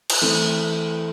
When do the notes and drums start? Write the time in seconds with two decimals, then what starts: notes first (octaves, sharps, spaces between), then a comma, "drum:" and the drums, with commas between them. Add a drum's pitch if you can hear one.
0.10 drum: cymbal
0.22 E3 A3 C4 E4